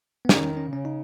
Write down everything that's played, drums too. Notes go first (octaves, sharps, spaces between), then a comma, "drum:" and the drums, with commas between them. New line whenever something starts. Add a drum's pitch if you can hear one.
B3
D#3 C#4, drum: snare
C#4
C#3 C#4
D#4